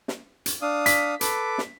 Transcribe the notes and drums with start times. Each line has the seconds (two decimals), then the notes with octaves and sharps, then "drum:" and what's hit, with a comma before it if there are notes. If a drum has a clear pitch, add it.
0.08 drum: snare
0.46 drum: hi-hat
0.62 D4 F5 D#6
0.86 B6, drum: hi-hat
1.21 A4 B4 D6, drum: hi-hat
1.58 drum: snare